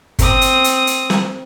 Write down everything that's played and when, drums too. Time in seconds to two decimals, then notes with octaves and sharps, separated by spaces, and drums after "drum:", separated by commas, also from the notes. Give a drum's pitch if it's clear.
0.19 C4 D#6, drum: kick G1, hi-hat
0.41 drum: hi-hat
0.64 drum: hi-hat
0.87 drum: hi-hat
1.10 drum: snare